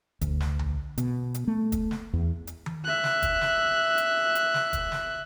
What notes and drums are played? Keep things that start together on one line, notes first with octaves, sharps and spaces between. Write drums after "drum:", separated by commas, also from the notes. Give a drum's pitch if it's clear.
D2, drum: kick, hi-hat
drum: snare
drum: tom B1
B2, drum: hi-hat
drum: hi-hat
A3
drum: kick, hi-hat
drum: snare
E2
drum: hi-hat
drum: tom D#3
E5 F#6
drum: snare
drum: kick, hi-hat
drum: snare
drum: hi-hat
drum: hi-hat
drum: snare
drum: kick, hi-hat
drum: snare